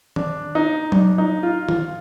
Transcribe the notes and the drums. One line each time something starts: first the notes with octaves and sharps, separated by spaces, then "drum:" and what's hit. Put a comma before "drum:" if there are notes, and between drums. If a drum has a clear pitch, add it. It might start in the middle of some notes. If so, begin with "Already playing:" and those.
D4, drum: tom D#3
D#4
D4, drum: tom F#3
D#4
F4
F4, drum: tom D#3